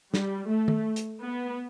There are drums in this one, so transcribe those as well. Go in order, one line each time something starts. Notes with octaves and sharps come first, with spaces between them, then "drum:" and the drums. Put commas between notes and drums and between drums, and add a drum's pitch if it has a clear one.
G3, drum: snare
A3
drum: tom D#3
drum: hi-hat
B3